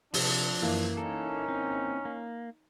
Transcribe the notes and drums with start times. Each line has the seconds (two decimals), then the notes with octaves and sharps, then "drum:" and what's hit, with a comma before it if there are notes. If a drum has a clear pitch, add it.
0.14 C3 F3 D4, drum: open hi-hat
0.62 F#2 E3 A#3
0.97 C#4 D#4 A4
1.49 C4
2.05 A#3